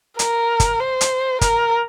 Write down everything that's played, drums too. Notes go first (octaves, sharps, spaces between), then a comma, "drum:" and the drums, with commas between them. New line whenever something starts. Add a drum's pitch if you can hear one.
A#4, drum: hi-hat
drum: kick G1, hi-hat
C5
drum: hi-hat
A#4, drum: kick G1, hi-hat